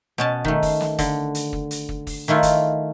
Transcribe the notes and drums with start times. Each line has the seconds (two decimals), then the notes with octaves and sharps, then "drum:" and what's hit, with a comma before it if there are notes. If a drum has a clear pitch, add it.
0.18 B2 C#4 A5
0.45 D#3 A3, drum: kick
0.63 drum: kick, open hi-hat
0.81 drum: snare
0.99 D3, drum: kick, hi-hat
1.35 drum: hi-hat
1.53 drum: kick
1.71 drum: hi-hat
1.89 drum: kick
2.07 drum: kick, open hi-hat
2.28 D#3 A3 E4 F4
2.43 drum: kick, hi-hat